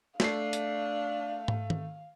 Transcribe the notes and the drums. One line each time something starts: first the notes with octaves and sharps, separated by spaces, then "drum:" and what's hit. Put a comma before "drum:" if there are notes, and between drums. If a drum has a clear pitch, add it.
A3 D4 F5 C7, drum: snare
drum: hi-hat
drum: tom
drum: tom D#3